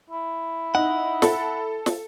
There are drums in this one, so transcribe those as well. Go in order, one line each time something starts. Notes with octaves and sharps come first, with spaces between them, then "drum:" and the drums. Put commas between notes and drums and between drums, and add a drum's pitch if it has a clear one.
E4
D#4 F#5
A4, drum: snare
drum: snare